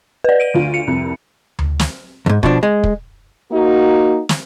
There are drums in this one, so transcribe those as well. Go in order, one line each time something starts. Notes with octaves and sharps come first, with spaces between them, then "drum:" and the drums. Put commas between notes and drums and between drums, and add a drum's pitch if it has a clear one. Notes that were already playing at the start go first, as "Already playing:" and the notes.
B4 D5
D7 D#7
D2 F4
C#7
C2 F2
drum: tom D2
drum: snare
E2 G#2
B2 F3 D4, drum: kick
G#3
drum: kick
A#3 D#4 F#4
drum: snare